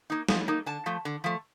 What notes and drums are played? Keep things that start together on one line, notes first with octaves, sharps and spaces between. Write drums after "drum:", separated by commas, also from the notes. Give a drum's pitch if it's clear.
A#3 D#4
F3, drum: snare
A#3 D#4
D3 A5
F3 A3
D3
F3 A3